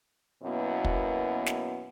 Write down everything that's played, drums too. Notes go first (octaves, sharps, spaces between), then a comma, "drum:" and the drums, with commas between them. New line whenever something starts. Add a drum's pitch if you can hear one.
F#2 B2 A#3 B3 E4
drum: kick
drum: snare